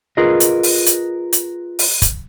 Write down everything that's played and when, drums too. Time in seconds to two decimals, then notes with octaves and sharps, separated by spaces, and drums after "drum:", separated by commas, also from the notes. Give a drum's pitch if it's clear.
0.17 F4 G#4 A#4 B4 D#5
0.40 drum: hi-hat
0.63 drum: open hi-hat
0.86 drum: hi-hat
1.33 drum: hi-hat
1.79 drum: open hi-hat
2.02 drum: kick, hi-hat